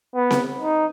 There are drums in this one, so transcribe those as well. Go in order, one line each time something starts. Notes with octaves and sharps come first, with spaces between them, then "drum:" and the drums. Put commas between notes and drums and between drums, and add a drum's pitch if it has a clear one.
B3
drum: snare C4
D#4